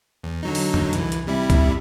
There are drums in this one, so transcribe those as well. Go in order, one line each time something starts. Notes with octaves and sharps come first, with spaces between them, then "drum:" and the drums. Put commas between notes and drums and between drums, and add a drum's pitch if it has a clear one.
E2
D3 F#3 D#4
drum: open hi-hat
drum: tom
C2 E3, drum: hi-hat
drum: hi-hat
C3 G3 E4
drum: kick, hi-hat